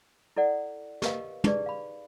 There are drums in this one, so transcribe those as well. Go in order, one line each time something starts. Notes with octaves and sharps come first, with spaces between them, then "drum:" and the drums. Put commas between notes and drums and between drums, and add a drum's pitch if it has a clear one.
E4 A4 D5 F#5
G4 A#4 B4 D#5 F5, drum: snare
D#4 G4 G#4 B4 D5, drum: tom
F5 B5